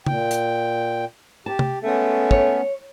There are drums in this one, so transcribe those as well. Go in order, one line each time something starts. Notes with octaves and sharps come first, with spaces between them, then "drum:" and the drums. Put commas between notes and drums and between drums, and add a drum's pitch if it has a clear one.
A#2 G5, drum: tom C#3
drum: hi-hat
G4 A5
drum: tom C3
G#3 A3 B3 C#4
C#5, drum: kick